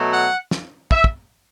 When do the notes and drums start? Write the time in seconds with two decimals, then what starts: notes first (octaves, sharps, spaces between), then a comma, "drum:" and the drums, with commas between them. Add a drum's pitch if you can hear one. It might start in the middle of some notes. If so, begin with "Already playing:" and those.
Already playing: B2 F#3 A3
0.11 F#5
0.51 drum: snare
0.91 E5, drum: kick
1.04 drum: kick